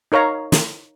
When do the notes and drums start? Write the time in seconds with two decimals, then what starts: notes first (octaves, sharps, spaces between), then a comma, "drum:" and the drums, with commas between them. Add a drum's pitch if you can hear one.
0.12 D#4 A#4 C#5 F5 A#5
0.52 drum: snare